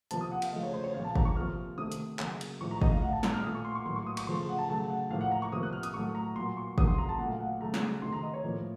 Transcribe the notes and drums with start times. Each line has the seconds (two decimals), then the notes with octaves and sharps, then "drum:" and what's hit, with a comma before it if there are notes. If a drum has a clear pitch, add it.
0.11 C3 F3 A#3 A5, drum: hi-hat
0.21 D#6
0.31 F#5
0.42 F5, drum: cymbal
0.52 C#3 F3 A3 D#5
0.63 C#5
0.73 C5
0.84 C#5
0.94 A#2 F3 A#3 F5
1.04 A5
1.15 A#5, drum: kick
1.25 C#6
1.36 C3 F3 A#3 F6
1.78 C3 D#3 A3 D#6
1.92 drum: hi-hat
2.19 C#3 F#3 A#3, drum: clap
2.41 drum: cymbal
2.61 A2 F3 A3 C#6
2.71 A#5
2.82 D#5, drum: kick
2.92 F5
3.02 A2 A3 F#5
3.13 A5
3.23 A#5, drum: snare
3.34 F6
3.44 A#2 A3 D#6
3.55 C#6
3.65 C6
3.75 C#6
3.86 A2 F#3 A#3 C6
3.96 C#6
4.07 D#6
4.17 C#6, drum: cymbal
4.27 C#3 F3 A3 C6
4.49 F#5
4.58 A5
4.69 C#3 F#3 A3 A5
4.90 F#5
5.10 A2 F3 A#3 F5
5.21 F#5
5.32 A#5
5.42 C#6
5.52 C3 F3 A#3 D#6
5.63 F#6
5.73 F6
5.83 D#6, drum: hi-hat
5.94 A2 F#3 A3 C#6
6.15 A#5
6.35 A#2 F#3 A#3 C6
6.57 C#6
6.78 C#3 F#3 A#3 D#6, drum: kick
6.88 C6
6.98 A#5
7.09 A5
7.19 A#2 F#3 A3 F#5
7.30 F5
7.40 F#5
7.60 C#3 F#3 A3 A#5
7.74 drum: snare
8.02 C3 D#3 A3 C6
8.13 A#5
8.23 D#5
8.34 C#5
8.44 A2 F3 A#3